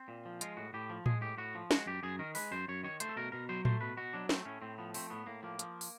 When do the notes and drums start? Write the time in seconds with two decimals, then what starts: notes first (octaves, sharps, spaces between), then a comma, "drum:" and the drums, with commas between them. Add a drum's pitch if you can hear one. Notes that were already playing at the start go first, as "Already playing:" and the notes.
Already playing: C4
0.08 A#2
0.25 F3
0.41 G#3 F4, drum: hi-hat
0.57 A2 F#4
0.74 A2 G4
0.90 F3
1.06 G#3 G#4, drum: tom A2
1.21 A2 G4
1.38 A2 F#4
1.55 F3
1.71 G#3 F#4, drum: snare
1.86 F#2 G4
2.03 F#2 G#4
2.19 D#3 A#4
2.35 G#3 B4, drum: open hi-hat
2.51 F#2 C5
2.68 F#2 C#5
2.83 D#3 C#5
3.00 A3 C5, drum: hi-hat
3.09 A4
3.17 B2 A#4
3.32 B2 A#4
3.49 F#3 C5
3.65 A3 C5, drum: tom A2
3.81 B2 B4
3.97 B2 F#4
4.13 F#3 D4
4.29 A3 C4, drum: snare
4.45 A2 C#4
4.62 A2 C4
4.78 F3 B3
4.94 A3 C4, drum: open hi-hat
5.10 A2 B3
5.26 A2 A#3
5.43 F3 A#3
5.59 F3, drum: hi-hat
5.81 drum: open hi-hat